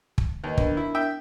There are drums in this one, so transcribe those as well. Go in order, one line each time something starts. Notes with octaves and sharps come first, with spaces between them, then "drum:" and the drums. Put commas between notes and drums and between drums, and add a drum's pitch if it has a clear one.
drum: kick
D#2 B4 C#5 D#5
B3 D4 A#4, drum: kick
E4
E5 G5